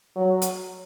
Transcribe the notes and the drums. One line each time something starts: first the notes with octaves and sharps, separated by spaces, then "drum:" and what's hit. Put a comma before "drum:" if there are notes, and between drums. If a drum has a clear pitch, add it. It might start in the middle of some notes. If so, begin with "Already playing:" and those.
F#3
drum: hi-hat